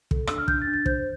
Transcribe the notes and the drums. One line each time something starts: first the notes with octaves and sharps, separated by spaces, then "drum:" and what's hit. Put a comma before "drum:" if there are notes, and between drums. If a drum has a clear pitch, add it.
A4, drum: kick
D4 E6, drum: rim click
F6
D4 G6, drum: kick
A6
D4
A6
C5 G6, drum: kick